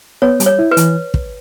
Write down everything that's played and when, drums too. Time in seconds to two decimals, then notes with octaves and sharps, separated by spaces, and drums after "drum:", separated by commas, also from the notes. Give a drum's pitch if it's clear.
0.22 B3 C#5
0.40 G3, drum: hi-hat
0.46 C#5
0.59 E4
0.71 B4
0.77 E3, drum: hi-hat
1.14 drum: kick